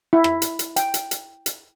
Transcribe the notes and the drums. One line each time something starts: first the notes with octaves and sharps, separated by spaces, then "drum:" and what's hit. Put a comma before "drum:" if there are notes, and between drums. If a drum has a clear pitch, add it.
E4
drum: rim click
drum: hi-hat
drum: hi-hat
G5, drum: hi-hat
drum: hi-hat
drum: hi-hat
drum: hi-hat